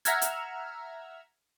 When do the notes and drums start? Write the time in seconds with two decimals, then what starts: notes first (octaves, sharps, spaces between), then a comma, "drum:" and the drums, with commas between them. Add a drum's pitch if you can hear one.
0.05 E5 F#5 A#5 E6 F6 G#6, drum: hi-hat
0.22 drum: hi-hat